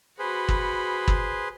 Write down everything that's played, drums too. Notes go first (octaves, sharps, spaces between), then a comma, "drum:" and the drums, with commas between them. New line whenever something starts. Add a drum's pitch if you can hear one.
F#4 G#4 B4 C5 B5
drum: kick
drum: kick